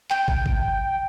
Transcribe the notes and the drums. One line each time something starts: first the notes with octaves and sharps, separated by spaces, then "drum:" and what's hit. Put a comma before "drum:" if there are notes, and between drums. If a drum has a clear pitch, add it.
G5, drum: clap
drum: kick
drum: kick